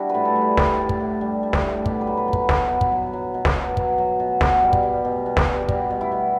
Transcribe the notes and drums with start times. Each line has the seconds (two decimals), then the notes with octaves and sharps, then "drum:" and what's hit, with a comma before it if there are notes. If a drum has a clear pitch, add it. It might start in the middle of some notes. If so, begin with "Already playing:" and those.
Already playing: G3 D4 E4 F#4
0.09 B4
0.14 A2
0.25 A4
0.36 G3
0.42 B4
0.58 G3 A4, drum: snare
0.78 A2
0.89 drum: kick
1.00 A2
1.21 G3
1.43 G3
1.53 drum: snare
1.64 A2
1.86 B2 G4, drum: kick
2.01 B4
2.07 F#3
2.17 B4
2.28 F#3
2.33 B4, drum: kick
2.49 B2, drum: snare
2.71 B2
2.81 drum: kick
2.92 F#3
3.13 F#3
3.34 B2
3.45 drum: snare
3.56 B2
3.77 F#3, drum: kick
3.98 F#3
4.20 B2
4.41 B2 F#4, drum: snare
4.63 G3
4.73 drum: kick
4.83 G3
5.05 B2
5.26 B2
5.37 drum: snare
5.47 G3
5.62 G4
5.69 G3 F#4, drum: kick
5.90 B2
6.01 E4
6.12 B2